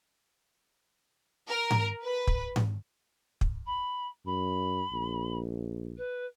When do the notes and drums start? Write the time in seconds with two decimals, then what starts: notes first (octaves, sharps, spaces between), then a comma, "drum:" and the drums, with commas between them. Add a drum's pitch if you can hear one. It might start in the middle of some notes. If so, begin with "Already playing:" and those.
1.50 A#4
1.71 drum: tom G#2
2.03 B4
2.27 drum: kick
2.56 drum: tom G#2
3.41 drum: kick
3.66 B5
4.26 F#2 B5
4.92 A#1
5.97 B4